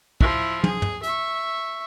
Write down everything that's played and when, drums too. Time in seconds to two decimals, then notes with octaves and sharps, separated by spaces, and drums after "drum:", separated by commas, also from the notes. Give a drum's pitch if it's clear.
0.21 F3 E4, drum: kick
0.64 G#4, drum: tom
0.82 drum: tom
1.03 E5 C#6, drum: hi-hat